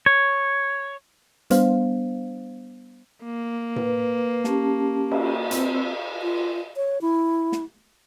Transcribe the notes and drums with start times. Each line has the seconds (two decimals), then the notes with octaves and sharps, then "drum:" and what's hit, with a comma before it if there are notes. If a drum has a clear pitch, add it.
0.06 C#5
1.50 G3 B3 D4 C5 F5, drum: hi-hat
3.24 A#3
3.76 B4, drum: tom A2
4.44 C#4 G4 A5, drum: snare
5.11 drum: cymbal
5.51 C4 C5 E6, drum: hi-hat
6.22 F4
6.76 C#5
7.01 E4
7.52 drum: snare